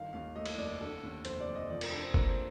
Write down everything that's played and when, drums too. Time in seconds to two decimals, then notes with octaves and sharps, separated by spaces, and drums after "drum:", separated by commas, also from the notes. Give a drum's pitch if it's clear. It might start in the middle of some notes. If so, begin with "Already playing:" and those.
Already playing: G1 D#3 F5
0.13 D#2 F5
0.35 A3 D#5
0.46 drum: cymbal
0.57 F1 D5
0.81 D3 A4
1.03 D#2
1.25 F1 C5, drum: hi-hat
1.41 D5
1.48 F1
1.55 D#5
1.70 F3 D5
1.81 A#4, drum: cymbal
1.92 D3 A4
2.03 C5
2.14 A#3 A#4, drum: kick F#1
2.29 C5